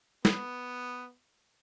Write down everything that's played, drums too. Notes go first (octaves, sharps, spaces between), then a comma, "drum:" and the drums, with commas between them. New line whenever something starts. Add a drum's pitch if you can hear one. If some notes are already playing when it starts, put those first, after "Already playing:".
B3, drum: snare